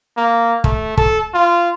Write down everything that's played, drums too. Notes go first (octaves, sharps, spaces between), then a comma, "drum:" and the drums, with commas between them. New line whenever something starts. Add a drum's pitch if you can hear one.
A#3
A3, drum: kick
A4, drum: kick
F4